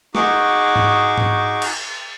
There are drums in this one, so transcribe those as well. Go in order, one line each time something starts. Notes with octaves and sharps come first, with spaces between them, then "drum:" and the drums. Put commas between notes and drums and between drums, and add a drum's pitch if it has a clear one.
D#4 F#4 G#4 C#6 D6, drum: snare
drum: tom G#2
drum: tom G#2
drum: cymbal